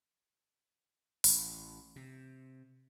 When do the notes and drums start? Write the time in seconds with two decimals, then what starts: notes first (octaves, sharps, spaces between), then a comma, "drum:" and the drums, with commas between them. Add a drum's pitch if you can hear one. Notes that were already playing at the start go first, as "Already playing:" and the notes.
1.24 A1, drum: open hi-hat
1.96 C3